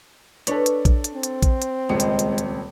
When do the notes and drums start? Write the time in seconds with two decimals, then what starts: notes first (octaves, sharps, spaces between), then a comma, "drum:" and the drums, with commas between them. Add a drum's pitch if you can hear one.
0.47 D4 A4 B4 C#5, drum: hi-hat
0.66 drum: hi-hat
0.85 drum: kick A#1, hi-hat
1.04 drum: hi-hat
1.14 C4
1.23 drum: hi-hat
1.43 drum: kick A#1, hi-hat
1.62 drum: hi-hat
1.89 D#1 C#2 G#3 C#7
2.00 drum: hi-hat
2.19 drum: hi-hat
2.38 drum: hi-hat